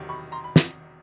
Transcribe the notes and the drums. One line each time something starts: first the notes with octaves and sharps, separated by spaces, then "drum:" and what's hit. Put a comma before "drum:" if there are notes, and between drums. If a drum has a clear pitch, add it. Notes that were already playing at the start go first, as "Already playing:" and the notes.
Already playing: E1 E2 C3 D#3 F#3
B5 C#6
A#5 C6
B5
drum: snare